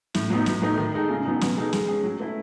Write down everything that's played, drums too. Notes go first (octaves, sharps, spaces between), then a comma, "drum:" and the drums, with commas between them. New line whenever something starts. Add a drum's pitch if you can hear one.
A2, drum: snare
F#3 B3 D#4
A2, drum: snare
F#3 A3 D#4
D#3
G#3 D#4 A4
C#3
F#3 B3 D#4
B2, drum: snare
G#3 D#4 A4
G#3, drum: snare
C#4 G#4
F#3
A3 E4